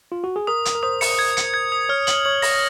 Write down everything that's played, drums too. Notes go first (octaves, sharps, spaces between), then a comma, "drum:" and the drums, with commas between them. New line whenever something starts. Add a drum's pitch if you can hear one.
F4
F#4
G#4
A#4 D#6
D#6, drum: hi-hat
A#4
C5 D#6
C#7, drum: open hi-hat
G#6
C#7, drum: hi-hat
G#6
D#6
C#5 F6
F#7, drum: hi-hat
C#5 F#7
A#6, drum: open hi-hat